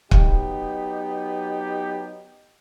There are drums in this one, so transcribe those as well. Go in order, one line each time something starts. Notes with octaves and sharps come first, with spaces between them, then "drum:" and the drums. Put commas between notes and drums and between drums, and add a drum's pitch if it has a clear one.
F#3 B3 D#4 G4, drum: kick